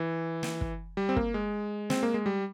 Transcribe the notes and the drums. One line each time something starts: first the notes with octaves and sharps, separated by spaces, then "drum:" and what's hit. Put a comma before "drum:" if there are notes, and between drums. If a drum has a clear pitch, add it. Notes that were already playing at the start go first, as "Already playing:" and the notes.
Already playing: E3
drum: snare
drum: kick
G3
C4
A#3, drum: kick
G#3
C4, drum: snare
A#3
G#3
G3